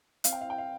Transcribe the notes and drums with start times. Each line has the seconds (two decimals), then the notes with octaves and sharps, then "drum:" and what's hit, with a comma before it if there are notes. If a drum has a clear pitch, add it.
0.24 C4 F5, drum: hi-hat
0.33 G5
0.41 F5
0.50 G5
0.58 F5